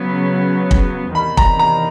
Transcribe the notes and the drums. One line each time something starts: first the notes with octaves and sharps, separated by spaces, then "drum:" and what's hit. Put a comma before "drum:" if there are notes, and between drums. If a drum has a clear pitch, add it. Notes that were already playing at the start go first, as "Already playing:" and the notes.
Already playing: C#3 F#3 B3
drum: kick
E2 C3 D#3 B5
A#5, drum: kick
A#5